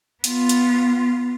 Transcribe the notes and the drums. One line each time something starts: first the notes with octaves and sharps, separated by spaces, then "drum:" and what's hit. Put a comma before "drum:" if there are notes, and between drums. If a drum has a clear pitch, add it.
B3 F4, drum: hi-hat
drum: hi-hat